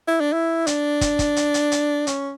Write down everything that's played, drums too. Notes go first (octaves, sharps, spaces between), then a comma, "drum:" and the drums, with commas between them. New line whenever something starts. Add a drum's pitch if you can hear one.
E4
D4
E4
D4, drum: hi-hat
drum: kick, hi-hat
drum: kick, hi-hat
drum: hi-hat
drum: hi-hat
drum: hi-hat
C#4, drum: hi-hat